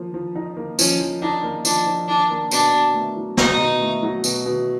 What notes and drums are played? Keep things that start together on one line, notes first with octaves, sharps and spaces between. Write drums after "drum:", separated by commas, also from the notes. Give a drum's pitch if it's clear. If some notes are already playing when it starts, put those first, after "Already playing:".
Already playing: F3 A#3
F3
D#4
A#3
F3 C#4, drum: tambourine
F3
D4 D#4
A#3
F3 D4, drum: tambourine
F3
D4 D#4
A#3
B2 D4, drum: tambourine
B2
A3
F#3
B2 D#4, drum: snare
B2
A3
F#3
B2, drum: tambourine
B2